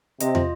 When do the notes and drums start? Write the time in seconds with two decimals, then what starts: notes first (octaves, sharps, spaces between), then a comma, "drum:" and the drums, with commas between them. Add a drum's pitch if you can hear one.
0.20 C3 D#5, drum: hi-hat
0.35 F4, drum: tom